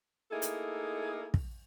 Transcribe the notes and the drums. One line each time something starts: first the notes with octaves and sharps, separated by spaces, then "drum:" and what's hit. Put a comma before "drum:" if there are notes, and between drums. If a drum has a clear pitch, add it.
A3 A#3 D#4 E4 G#4 A4
drum: hi-hat
drum: kick